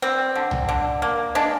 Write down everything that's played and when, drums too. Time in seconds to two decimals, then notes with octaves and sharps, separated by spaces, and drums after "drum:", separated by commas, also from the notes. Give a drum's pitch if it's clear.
0.02 G3 C4
0.36 D3
0.51 drum: tom
0.69 D3
1.02 A#3
1.35 G#3 D4